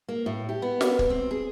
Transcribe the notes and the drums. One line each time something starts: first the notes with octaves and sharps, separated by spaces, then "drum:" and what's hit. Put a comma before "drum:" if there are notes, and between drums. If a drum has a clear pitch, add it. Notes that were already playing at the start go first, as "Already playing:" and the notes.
A#3
A2
G4
B3
drum: snare
drum: kick
C4
G#4